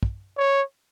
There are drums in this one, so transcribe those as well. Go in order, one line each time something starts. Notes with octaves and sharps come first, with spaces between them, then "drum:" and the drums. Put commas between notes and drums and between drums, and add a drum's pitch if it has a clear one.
drum: kick
C#5